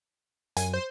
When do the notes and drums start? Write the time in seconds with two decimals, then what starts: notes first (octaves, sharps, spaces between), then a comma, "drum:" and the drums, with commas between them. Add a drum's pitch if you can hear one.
0.57 F#2 G#5, drum: hi-hat
0.73 C5